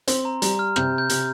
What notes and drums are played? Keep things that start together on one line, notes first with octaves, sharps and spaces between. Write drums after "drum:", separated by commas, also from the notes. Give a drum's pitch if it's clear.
C4 C6, drum: hi-hat
A#5
G3 A#5, drum: hi-hat
F6
C3 G6, drum: rim click
G6
C3, drum: hi-hat